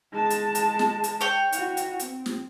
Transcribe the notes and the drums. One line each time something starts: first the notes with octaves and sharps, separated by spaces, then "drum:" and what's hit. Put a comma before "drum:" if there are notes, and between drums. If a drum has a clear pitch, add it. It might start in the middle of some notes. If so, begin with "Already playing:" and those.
G#3 A5
drum: hi-hat
drum: hi-hat
drum: snare
drum: hi-hat
C#5 G5
E4 F#4, drum: hi-hat
drum: hi-hat
C4, drum: hi-hat
drum: snare